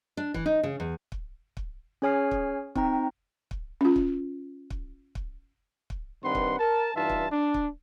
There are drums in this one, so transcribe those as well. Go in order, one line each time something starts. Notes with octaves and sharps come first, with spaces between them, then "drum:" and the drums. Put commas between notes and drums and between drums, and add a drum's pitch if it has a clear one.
D4
E3, drum: kick
D#4
C#3
E2
drum: kick
drum: kick
C#4 G#4 C#5 G#5 F6 C7
drum: kick
C4 D#4 G5 A#5, drum: kick
drum: kick
C#4 F4
drum: kick
drum: kick
drum: kick
drum: kick
G2 D#3 C4 B4 F#5 C6
drum: kick
A#4 A5
G2 E3 D#4 F4 E5 A5
drum: kick
D4
drum: kick